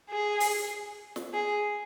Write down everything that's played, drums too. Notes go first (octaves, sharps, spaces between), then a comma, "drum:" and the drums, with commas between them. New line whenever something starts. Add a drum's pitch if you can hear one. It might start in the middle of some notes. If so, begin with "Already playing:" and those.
G#4
drum: open hi-hat
drum: snare
G#4